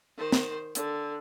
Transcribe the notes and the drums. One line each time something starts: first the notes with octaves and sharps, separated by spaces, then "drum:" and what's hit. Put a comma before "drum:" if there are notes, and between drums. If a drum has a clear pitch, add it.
D#3 C5
drum: snare
D3, drum: hi-hat